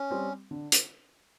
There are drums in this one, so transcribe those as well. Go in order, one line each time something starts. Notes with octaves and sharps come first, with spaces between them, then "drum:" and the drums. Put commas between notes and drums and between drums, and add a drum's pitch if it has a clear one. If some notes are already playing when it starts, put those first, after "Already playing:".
Already playing: C#4
G3 C4
D3
drum: hi-hat